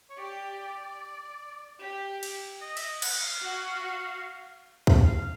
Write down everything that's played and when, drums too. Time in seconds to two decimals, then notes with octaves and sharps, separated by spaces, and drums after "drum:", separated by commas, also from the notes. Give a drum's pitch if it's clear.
0.10 C#5
0.18 G4 D5
1.80 G4
2.23 drum: cymbal
2.61 D#5
2.77 E5, drum: cymbal
2.82 D#5
3.02 F#5, drum: cymbal
3.22 F5
3.43 F#4
4.87 drum: kick C#2
5.05 F5